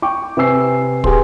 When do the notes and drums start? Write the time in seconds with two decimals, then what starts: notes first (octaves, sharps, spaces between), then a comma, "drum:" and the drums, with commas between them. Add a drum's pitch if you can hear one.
0.02 G5 C#6 D6
0.37 C3 B4 G#5 E6 C7
1.04 G4 G#4 B4 C6, drum: kick